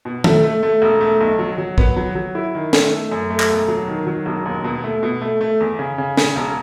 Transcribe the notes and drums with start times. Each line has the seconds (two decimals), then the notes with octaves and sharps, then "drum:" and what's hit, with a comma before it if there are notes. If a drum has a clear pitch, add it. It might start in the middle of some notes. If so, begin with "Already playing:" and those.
0.05 B2
0.24 A3, drum: tom D#3
0.44 A3
0.63 A3
0.82 E1
1.01 A3
1.21 B1
1.39 F#3
1.58 F#3
1.78 B3, drum: kick
1.97 F#3
2.15 F#3
2.35 E4
2.55 D#3
2.73 A3, drum: snare
2.92 A3
3.12 F#2
3.30 A3
3.40 drum: clap
3.50 E1
3.68 F#3
3.88 D#3
4.07 F#3
4.26 E1
4.46 D#2
4.64 B2
4.84 A3
5.03 B2
5.22 A3
5.41 A3
5.60 E2
5.79 C#3
5.98 C#3
6.17 C#3, drum: snare
6.36 E1